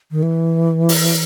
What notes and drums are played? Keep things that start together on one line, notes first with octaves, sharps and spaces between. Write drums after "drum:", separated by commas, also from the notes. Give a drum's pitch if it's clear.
D#3
E3
drum: open hi-hat